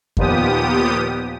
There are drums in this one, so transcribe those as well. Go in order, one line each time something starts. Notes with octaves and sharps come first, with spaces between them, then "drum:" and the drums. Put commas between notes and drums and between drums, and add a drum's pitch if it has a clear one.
D#2 A#2 F3 B3 G4 D#6, drum: kick F2